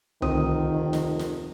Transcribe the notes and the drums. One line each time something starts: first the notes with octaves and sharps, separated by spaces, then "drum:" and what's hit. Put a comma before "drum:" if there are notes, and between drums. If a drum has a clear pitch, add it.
F1 D2 D#3 C4 D#6, drum: tom C2
drum: snare
drum: snare